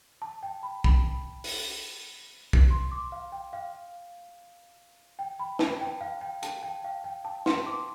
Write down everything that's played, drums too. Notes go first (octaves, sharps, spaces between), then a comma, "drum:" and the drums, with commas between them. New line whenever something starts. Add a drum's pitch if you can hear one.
A5
G5
B5
B5, drum: kick B1
drum: open hi-hat
drum: kick B1
C6
D6
F5
G5
F5
G5
B5
A5, drum: snare
G5
F5
G5
A5, drum: hi-hat
G5
F5
G5
A5
C6, drum: snare
D6